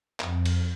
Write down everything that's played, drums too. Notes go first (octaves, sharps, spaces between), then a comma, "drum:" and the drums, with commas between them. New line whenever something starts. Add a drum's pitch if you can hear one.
F2, drum: clap
drum: cymbal